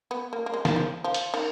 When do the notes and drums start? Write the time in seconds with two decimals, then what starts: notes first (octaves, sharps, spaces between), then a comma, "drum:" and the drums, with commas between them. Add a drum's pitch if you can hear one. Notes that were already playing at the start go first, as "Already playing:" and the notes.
0.11 B3
0.33 A#3
0.46 A#3
0.54 G#3
0.65 D#3, drum: snare
0.76 F3
1.04 F3
1.14 drum: hi-hat
1.34 D#3, drum: cymbal